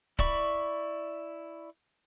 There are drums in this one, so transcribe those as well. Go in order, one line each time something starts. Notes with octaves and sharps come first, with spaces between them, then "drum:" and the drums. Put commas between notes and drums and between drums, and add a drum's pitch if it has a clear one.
E4 D5 B5 C#6, drum: kick C#1